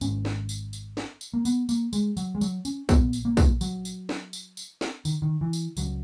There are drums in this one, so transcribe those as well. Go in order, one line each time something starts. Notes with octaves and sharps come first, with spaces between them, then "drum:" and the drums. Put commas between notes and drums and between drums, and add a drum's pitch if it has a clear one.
G#1 G#2 C#4, drum: tambourine
drum: snare
drum: tambourine
drum: tambourine
drum: snare
drum: tambourine
A#3
B3, drum: tambourine
A#3, drum: tambourine
G#3, drum: tambourine
F#3, drum: tambourine
G#3
F#3, drum: tambourine
C#4, drum: tambourine
A#1 A#2 B3, drum: kick, tambourine
drum: tambourine
A#3
drum: kick, tambourine
F#3, drum: tambourine
drum: tambourine
drum: snare
drum: tambourine
drum: tambourine
drum: snare
D#3, drum: tambourine
D#3
E3
drum: tambourine
C#2 C#3 F#3, drum: tambourine